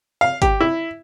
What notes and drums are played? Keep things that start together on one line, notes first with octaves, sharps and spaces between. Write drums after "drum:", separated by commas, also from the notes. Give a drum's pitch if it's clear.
F5
G4, drum: kick G1, hi-hat
E4